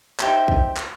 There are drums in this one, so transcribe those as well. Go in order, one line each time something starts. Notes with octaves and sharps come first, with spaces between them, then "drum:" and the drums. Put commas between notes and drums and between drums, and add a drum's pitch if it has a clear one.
D#4 G4 C5 E5, drum: clap
drum: kick
drum: clap